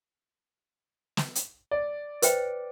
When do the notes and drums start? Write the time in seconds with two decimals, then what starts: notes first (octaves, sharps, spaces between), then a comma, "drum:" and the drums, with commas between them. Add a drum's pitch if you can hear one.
1.17 drum: snare
1.35 drum: hi-hat
1.71 D5
2.22 B4 C5 G5, drum: hi-hat